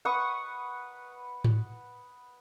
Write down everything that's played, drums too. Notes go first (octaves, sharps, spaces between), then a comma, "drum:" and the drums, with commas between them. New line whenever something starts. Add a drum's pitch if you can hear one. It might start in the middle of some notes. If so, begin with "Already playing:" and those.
B4 F#5 C#6 D#6
drum: tom G#2